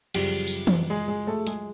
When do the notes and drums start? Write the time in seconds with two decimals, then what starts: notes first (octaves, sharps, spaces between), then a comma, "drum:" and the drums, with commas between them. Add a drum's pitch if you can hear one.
0.14 F#2 C#3 F3 G3 G4, drum: cymbal
0.47 drum: tambourine
0.67 drum: tom E3
0.90 G#3 G#4
1.08 G#3 G#4
1.27 A3 A4
1.47 G#3 G#4, drum: hi-hat